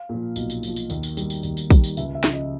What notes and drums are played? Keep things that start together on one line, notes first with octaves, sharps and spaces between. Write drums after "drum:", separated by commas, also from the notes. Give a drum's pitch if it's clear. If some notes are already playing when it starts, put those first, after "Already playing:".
Already playing: F5
A#2 F3
B1, drum: tambourine
drum: tambourine
A#2 F3, drum: tambourine
drum: tambourine
D#2, drum: tambourine
drum: tambourine
D#3 G3, drum: tambourine
drum: tambourine
D#2, drum: tambourine
drum: tambourine
D#3 G3, drum: kick, tambourine
drum: tambourine
C#2 E5, drum: tambourine
E5
C#3 F3, drum: snare
D#5